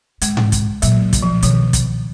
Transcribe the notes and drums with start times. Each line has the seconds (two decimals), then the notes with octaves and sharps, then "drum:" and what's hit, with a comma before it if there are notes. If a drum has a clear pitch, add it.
0.21 G#2 G#3, drum: hi-hat
0.37 drum: tom G#2
0.52 drum: kick, hi-hat
0.82 A#2 F#3, drum: hi-hat
1.13 drum: kick, hi-hat
1.22 F3
1.42 B2 D#3, drum: hi-hat
1.73 drum: kick, hi-hat